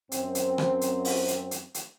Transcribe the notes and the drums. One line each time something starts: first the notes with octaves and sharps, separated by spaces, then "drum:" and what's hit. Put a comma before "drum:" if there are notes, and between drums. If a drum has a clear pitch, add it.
F#2 C4, drum: hi-hat
drum: hi-hat
drum: rim click
drum: hi-hat
drum: open hi-hat
drum: hi-hat
drum: hi-hat
drum: hi-hat